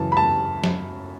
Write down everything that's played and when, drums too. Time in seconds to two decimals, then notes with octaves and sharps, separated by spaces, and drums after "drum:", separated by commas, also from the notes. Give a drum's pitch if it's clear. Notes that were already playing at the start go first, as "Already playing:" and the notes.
Already playing: F#2 C#3 E3 A5
0.12 B5
0.17 A5
0.64 drum: snare